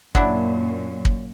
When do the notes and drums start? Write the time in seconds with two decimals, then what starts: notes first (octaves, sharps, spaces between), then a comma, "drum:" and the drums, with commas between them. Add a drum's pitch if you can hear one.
0.15 F#2 A#2 F#3 D4 E4, drum: kick
1.05 drum: kick